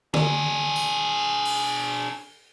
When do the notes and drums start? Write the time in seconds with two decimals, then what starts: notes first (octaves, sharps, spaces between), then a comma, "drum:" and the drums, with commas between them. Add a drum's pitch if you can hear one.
0.14 D4 G#4, drum: tom D3
0.76 drum: tambourine
1.45 drum: open hi-hat